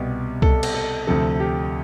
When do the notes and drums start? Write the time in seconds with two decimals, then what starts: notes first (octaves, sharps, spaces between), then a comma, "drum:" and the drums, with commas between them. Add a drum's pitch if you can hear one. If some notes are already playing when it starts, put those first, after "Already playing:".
Already playing: C2 B2 G4
0.42 A4, drum: kick C2
0.63 drum: cymbal
0.74 A4
1.07 D2 C3 F3 A4
1.40 G4